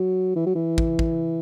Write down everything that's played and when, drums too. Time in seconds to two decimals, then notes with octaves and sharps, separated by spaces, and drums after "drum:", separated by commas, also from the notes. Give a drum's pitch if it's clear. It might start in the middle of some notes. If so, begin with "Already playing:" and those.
Already playing: F#3
0.36 E3
0.46 F#3
0.55 E3
0.78 drum: kick
0.99 drum: kick